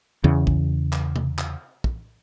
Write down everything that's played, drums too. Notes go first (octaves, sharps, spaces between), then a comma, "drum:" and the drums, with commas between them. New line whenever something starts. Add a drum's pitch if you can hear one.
E2 C#3
drum: kick
drum: clap
drum: tom C3
drum: clap
drum: kick